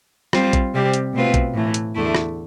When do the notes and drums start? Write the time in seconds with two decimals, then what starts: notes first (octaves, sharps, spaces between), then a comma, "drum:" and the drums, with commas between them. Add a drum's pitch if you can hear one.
0.33 G3 C4 F4, drum: rim click
0.53 drum: kick, hi-hat
0.74 C3 G3 C4 G4
0.94 drum: hi-hat
1.13 B2 A3 C4 F4 B4
1.34 drum: kick, hi-hat
1.54 A2 E3 A3
1.74 drum: hi-hat
1.94 E2 D3 A3 E4
2.15 drum: rim click